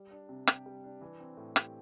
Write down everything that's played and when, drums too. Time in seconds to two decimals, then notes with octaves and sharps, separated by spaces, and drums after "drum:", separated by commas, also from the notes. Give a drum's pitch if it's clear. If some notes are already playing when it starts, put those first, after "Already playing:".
Already playing: G3
0.11 D4
0.29 C3
0.47 G4, drum: rim click
0.66 G3
0.84 D4
1.01 E3
1.20 C4
1.37 A2
1.56 G4, drum: rim click